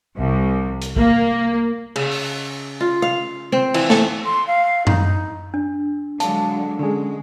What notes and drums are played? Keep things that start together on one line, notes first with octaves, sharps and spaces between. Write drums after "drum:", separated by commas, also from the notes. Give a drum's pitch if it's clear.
C2
drum: hi-hat
A#3, drum: kick
C#3, drum: cymbal
drum: open hi-hat
F4
F5
C4
E3, drum: cymbal
A3, drum: snare
C6
F5
D#4, drum: tom F#2
D4
D3 F#3 G#3 F5 A5, drum: hi-hat
D3 G#3 C#4 G#4